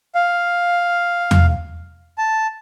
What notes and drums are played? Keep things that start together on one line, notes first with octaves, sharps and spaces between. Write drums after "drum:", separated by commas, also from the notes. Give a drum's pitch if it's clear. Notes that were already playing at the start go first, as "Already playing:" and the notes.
F5
drum: tom E2
A5